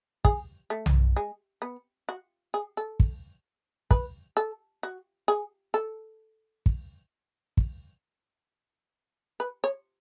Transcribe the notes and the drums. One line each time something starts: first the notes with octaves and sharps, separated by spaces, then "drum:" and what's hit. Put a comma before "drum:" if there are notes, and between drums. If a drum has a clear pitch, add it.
G#4, drum: kick
A3
drum: tom B1
G#3
B3
F#4
G#4
A4
drum: kick
B4, drum: kick
A4
F#4
G#4
A4
drum: kick
drum: kick
B4
C#5